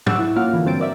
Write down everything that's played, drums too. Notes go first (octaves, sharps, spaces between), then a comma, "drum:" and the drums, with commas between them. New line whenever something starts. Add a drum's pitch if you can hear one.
F#5 C#6 D6 E6 F#6, drum: tom
E4
A#3 C#4 F4 F#4 F5 F#5
D3 E3 A#3
G2 F#3 C4 A6 D7
A#4 D5 E5